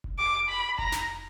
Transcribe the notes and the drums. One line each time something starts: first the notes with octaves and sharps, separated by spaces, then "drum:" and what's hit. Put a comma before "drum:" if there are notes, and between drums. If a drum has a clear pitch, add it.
drum: kick F1
D6
B5
A#5, drum: kick F1
drum: snare